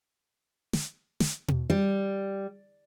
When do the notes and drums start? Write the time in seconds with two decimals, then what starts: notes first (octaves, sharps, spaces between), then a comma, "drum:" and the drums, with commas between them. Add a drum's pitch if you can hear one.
0.73 drum: snare
1.20 drum: snare
1.48 drum: tom B2
1.70 G3